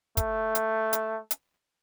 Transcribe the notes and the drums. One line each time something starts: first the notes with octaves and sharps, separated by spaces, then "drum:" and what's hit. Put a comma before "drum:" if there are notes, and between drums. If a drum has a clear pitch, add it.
A3, drum: kick, hi-hat
drum: hi-hat
drum: hi-hat
drum: hi-hat